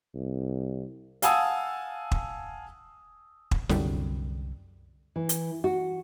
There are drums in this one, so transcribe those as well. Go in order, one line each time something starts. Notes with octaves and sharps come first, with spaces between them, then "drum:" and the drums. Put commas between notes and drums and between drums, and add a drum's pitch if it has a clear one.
C2
F5 F#5 G#5 A5 D#6 E6, drum: hi-hat
drum: kick
drum: kick
C2 F#2 D3 G3, drum: snare
E3
drum: hi-hat
F#4